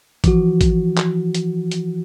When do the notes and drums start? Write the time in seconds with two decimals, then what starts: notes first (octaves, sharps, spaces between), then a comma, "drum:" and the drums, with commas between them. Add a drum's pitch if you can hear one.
0.24 E3 F3 F#4, drum: kick, hi-hat
0.61 drum: kick, hi-hat
0.98 drum: clap
1.35 drum: hi-hat
1.71 drum: hi-hat